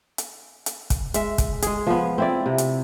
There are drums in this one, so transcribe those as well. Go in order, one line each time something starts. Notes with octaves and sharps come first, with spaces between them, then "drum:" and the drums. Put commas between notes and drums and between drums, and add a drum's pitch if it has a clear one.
drum: hi-hat
drum: hi-hat
drum: kick, hi-hat
G#3 E5, drum: hi-hat
drum: kick, hi-hat
G#3 G#4, drum: hi-hat
F3 B3
C4 E4 D5
C3
drum: hi-hat